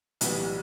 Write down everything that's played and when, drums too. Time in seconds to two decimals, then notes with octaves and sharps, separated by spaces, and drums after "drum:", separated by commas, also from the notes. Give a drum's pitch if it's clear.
0.21 B1 A2 E3 G3 B3, drum: hi-hat